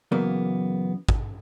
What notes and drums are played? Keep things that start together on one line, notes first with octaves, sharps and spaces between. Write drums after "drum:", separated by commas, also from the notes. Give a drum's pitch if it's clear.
F#2 C#3 E3 A#3 B3
drum: kick